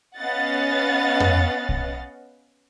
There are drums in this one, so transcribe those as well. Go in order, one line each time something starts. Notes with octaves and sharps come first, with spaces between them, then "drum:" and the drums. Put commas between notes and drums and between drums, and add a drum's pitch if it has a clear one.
B3 C#4 D#5 F5 F#5 A6
drum: tom F2
drum: kick B1